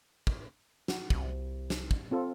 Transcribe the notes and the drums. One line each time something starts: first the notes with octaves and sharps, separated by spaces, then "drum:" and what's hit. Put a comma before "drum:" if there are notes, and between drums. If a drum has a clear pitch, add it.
drum: kick
F#4, drum: snare
C2, drum: kick
drum: snare
drum: kick
C4 F4 A4